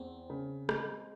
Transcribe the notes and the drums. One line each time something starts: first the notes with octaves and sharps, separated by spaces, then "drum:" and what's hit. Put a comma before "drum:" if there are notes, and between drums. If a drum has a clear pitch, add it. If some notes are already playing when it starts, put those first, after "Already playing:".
Already playing: E2 C4
C#3
G#3, drum: rim click